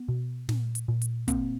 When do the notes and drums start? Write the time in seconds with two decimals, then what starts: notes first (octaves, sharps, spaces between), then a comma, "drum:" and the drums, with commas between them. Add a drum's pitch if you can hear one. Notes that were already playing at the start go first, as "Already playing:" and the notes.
Already playing: B3
0.08 B2
0.49 A#2, drum: snare
0.75 drum: hi-hat
0.88 A#2
1.02 drum: hi-hat
1.28 A#2 A#3 C4, drum: kick, hi-hat